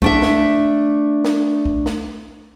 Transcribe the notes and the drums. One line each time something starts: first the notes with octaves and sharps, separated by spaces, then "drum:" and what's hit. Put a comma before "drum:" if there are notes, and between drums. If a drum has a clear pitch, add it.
A3 D4 E5, drum: kick
drum: snare
drum: snare
drum: kick
drum: snare